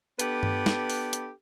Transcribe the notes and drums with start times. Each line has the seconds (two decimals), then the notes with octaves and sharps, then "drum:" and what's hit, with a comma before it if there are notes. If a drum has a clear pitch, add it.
0.19 B3 D4 G4 A4 B4, drum: hi-hat
0.43 drum: tom G2
0.66 drum: snare
0.90 drum: open hi-hat
1.13 drum: hi-hat